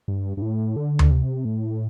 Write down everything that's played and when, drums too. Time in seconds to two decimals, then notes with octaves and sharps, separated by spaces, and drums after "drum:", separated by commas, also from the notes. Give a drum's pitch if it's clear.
0.08 G2
0.37 G2
0.42 A2
0.76 D3
0.99 drum: tom D2
1.11 C3
1.45 A2